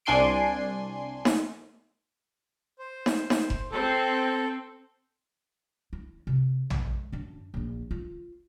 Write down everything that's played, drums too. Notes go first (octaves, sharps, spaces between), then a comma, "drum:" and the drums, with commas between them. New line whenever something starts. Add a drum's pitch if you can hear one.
C2 D4 G#5 C6 C7 D7
drum: snare D#4
C5
drum: snare D#4
drum: snare D#4
drum: kick F1
C4 A4
E4
C3
G#3, drum: tom A#1
F#2 D4
A#1 D4
F4